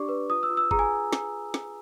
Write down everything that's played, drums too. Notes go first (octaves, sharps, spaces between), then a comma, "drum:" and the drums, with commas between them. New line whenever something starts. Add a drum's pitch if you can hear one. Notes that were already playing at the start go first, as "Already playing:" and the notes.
Already playing: D4 G4 D5 C#6 D6
B4
F4 D#6
E6
F4
E6
G#4 A#5, drum: kick G1
G#5
drum: snare
drum: snare